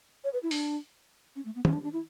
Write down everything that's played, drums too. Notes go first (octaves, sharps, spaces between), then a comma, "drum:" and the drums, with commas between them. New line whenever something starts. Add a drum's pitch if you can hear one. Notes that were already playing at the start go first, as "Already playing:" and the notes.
C#5
B4
E4
D4, drum: open hi-hat
C#4
A3
B3
C#4, drum: tom
D4
D4
E4